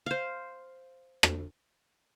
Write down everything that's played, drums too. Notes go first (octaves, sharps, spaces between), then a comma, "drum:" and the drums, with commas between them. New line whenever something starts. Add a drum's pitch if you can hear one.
C5 F5
drum: rim click